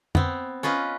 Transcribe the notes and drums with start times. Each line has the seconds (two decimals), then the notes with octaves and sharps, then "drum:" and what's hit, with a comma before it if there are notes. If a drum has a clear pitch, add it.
0.15 B3 C4, drum: tom F2
0.63 C#4 F4 B4 D#5